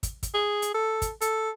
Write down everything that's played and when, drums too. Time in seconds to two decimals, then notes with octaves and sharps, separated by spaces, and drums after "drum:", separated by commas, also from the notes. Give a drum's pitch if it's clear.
0.03 drum: kick, hi-hat
0.23 drum: kick, hi-hat
0.34 G#4
0.62 drum: hi-hat
0.74 A4
1.02 drum: kick, hi-hat
1.21 A4, drum: hi-hat